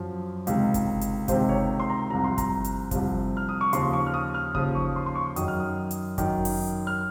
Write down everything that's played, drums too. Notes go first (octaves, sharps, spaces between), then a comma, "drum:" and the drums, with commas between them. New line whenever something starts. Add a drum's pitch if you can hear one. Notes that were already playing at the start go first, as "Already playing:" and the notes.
Already playing: F#2 F3
C#2 C3 D#3, drum: hi-hat
drum: kick G1, hi-hat
drum: hi-hat
C#2 C3 D#3 C5, drum: kick G1, hi-hat
C#5
C6
A#5
C2 C3 F3 A#5
C6
A#5, drum: kick G1, hi-hat
drum: hi-hat
C2 C3 F3, drum: kick G1, hi-hat
F6
D#6
C#6
D#2 C#3 F3 C6, drum: hi-hat
C#6
F6
D#6
F6
D#2 C#3 F3 D#6, drum: kick G1
C#6
C6
C6
C#6
F#2 D#3 D#6, drum: hi-hat
F6
D#6
drum: hi-hat
F#2 D#3, drum: kick G1, hi-hat
drum: open hi-hat
F6